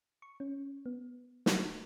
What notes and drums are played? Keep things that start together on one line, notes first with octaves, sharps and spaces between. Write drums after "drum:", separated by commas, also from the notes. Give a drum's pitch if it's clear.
C#6
C#4
B3
F#4, drum: snare